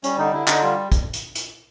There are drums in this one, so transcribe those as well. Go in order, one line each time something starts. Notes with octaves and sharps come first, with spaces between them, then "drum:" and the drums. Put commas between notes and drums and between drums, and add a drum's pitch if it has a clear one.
G3 C#4, drum: hi-hat
D3 D#4
D3 E4
D3 D#4, drum: clap
G3 F4
drum: kick, hi-hat
drum: hi-hat
drum: hi-hat